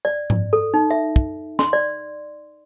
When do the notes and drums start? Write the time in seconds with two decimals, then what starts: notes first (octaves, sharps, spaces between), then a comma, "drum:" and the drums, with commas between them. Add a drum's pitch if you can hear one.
0.05 D5
0.30 drum: tom G#2
0.53 A4
0.74 D#4
0.91 E5
1.16 drum: kick
1.59 C6, drum: snare
1.73 D5